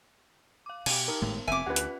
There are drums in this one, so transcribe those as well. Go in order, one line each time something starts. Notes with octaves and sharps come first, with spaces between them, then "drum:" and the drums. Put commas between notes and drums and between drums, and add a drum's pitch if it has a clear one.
F5 D6
B2 G4 G#5, drum: cymbal
D#4 A#4 A5
G#1 A2 G#3 B3
F1 G#2 C4 E5 G#5 D6
D2 C#4 F4 G4 B4 F#5
drum: hi-hat